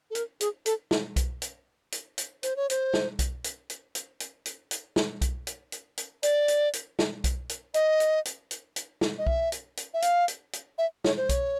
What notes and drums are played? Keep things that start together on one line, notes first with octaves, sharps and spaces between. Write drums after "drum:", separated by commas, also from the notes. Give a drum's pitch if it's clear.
A4
A#4, drum: hi-hat
G#4, drum: hi-hat
A4, drum: hi-hat
drum: snare
drum: kick B1, hi-hat
drum: hi-hat
drum: hi-hat
drum: hi-hat
C5, drum: hi-hat
C#5
C5, drum: hi-hat
drum: snare
drum: kick B1, hi-hat
drum: hi-hat
drum: hi-hat
drum: hi-hat
drum: hi-hat
drum: hi-hat
drum: hi-hat
drum: snare
drum: kick B1, hi-hat
drum: hi-hat
drum: hi-hat
drum: hi-hat
D5, drum: hi-hat
drum: hi-hat
drum: hi-hat
drum: snare
drum: kick B1, hi-hat
drum: hi-hat
D#5, drum: hi-hat
drum: hi-hat
drum: hi-hat
drum: hi-hat
drum: hi-hat
drum: snare
D#5
E5, drum: kick B1
drum: hi-hat
drum: hi-hat
E5
F5, drum: hi-hat
drum: hi-hat
drum: hi-hat
E5
C#5, drum: snare
C5
C#5, drum: kick B1, hi-hat